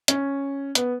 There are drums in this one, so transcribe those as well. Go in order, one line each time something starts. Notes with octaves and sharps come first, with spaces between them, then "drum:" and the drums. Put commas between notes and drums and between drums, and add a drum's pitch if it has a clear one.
C#4, drum: hi-hat
B3, drum: hi-hat